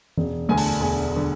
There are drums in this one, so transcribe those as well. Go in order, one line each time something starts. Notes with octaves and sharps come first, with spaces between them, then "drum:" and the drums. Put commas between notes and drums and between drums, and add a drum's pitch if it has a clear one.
E1, drum: tom E3
D2 D3 G#5
A5, drum: open hi-hat
G#5
E1 G#5
D3